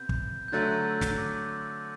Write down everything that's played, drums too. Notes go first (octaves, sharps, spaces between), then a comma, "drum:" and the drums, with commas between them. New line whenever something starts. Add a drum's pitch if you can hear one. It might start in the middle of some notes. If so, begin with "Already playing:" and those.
Already playing: C3 B3 G6
drum: kick
G6
D3 F#3 A3 F#6 A6
E6
drum: snare
D6